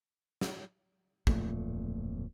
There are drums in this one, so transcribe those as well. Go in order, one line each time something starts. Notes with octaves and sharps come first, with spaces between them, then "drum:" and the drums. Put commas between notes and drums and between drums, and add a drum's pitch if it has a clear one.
drum: snare
D1 F2 A#2 A3, drum: kick